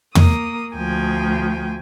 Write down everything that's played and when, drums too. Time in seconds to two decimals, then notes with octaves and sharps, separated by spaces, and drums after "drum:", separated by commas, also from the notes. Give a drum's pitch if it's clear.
0.15 A#3 A#4 D#6, drum: tom
0.75 D2 F3 G5 G#5